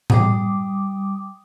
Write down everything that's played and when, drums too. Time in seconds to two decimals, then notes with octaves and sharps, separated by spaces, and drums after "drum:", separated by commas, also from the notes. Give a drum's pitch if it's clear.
0.10 G3 D6 D#6, drum: tom A2